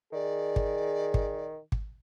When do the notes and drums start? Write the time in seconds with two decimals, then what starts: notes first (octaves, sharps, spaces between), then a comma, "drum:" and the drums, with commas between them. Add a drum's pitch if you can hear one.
0.13 D#3 G#4 D5
0.56 drum: kick
1.14 drum: kick
1.72 drum: kick